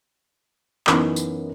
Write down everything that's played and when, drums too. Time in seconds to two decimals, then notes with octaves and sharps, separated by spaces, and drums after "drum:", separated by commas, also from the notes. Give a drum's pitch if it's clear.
0.87 F#2 E3 B3 D#4, drum: clap
1.16 drum: tambourine